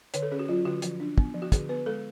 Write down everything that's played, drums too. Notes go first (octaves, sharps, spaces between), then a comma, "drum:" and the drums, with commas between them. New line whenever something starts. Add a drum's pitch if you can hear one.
D3 C#5, drum: hi-hat
A4
C#4 G#4
F#4
F#3 F4
D3 F#4
F3, drum: hi-hat
D4
B3, drum: kick
F3
F#4
D3 G#4, drum: kick, hi-hat
B3 B4
G#3 A4